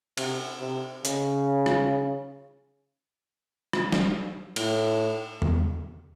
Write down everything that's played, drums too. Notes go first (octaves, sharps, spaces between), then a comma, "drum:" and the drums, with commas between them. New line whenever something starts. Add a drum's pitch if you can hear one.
C3, drum: cymbal
C3
C#3, drum: hi-hat
drum: rim click
drum: rim click
drum: snare
A2, drum: cymbal
drum: tom E2